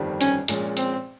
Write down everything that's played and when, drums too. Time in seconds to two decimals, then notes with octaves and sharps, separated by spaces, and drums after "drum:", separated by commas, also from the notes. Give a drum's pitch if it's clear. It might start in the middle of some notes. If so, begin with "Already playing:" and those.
Already playing: G1 F2 D#3 G3 C4
0.21 C#4, drum: hi-hat
0.48 A#1 A#2 G#3 C#4, drum: hi-hat
0.77 C4, drum: hi-hat